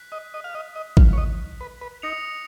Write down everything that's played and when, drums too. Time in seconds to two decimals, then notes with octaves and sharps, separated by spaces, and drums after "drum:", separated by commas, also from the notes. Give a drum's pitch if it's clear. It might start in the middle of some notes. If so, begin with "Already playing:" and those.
Already playing: F#6 B6
0.12 D#5
0.34 D#5
0.44 F5
0.55 D#5
0.75 D#5
0.97 F5, drum: kick
1.13 C#5
1.18 D#5
1.61 B4
1.81 B4
2.02 D#4 D#6 A#6 C#7 F7